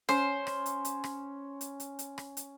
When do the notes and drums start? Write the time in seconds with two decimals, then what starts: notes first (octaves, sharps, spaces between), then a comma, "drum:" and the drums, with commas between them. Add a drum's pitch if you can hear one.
0.09 C#4 C5, drum: rim click
0.47 drum: rim click
0.66 drum: hi-hat
0.85 drum: hi-hat
1.04 drum: rim click
1.61 drum: hi-hat
1.80 drum: hi-hat
1.99 drum: hi-hat
2.18 drum: rim click
2.37 drum: hi-hat